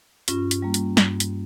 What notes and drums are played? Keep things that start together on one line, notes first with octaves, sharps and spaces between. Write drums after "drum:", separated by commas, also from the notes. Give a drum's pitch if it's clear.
G2 C#4 F4, drum: hi-hat
drum: hi-hat
G3 A#3
drum: hi-hat
G2, drum: snare
drum: hi-hat